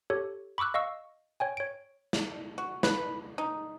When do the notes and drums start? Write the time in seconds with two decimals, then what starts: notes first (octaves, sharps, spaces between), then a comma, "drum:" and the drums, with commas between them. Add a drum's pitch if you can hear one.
0.10 G4 A4 C#5
0.58 B5 C#6 D6 E6 F#6
0.74 D#5 F5 C#6 E6
1.40 C#5 G5 G#5
1.57 C#5 D7
2.13 drum: snare
2.58 F#4
2.83 B4, drum: snare
3.38 D#4